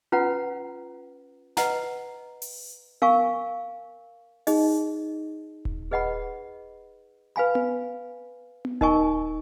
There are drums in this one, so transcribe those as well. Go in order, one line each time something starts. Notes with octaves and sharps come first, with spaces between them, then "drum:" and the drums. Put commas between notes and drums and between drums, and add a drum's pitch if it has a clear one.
C#4 F4 B4 F#5 A#5
B4 D#5 F#5 A#5, drum: snare
drum: open hi-hat
A#4 F5 G#5 C#6, drum: tom B3
D#4 G#4 D#5, drum: open hi-hat
drum: kick D#1
G#4 B4 D#5 F#5 B5
B4 F5 G#5 B5
drum: tom B3
drum: tom B3
D#4 A#4 D#5 G#5 C#6, drum: kick D#1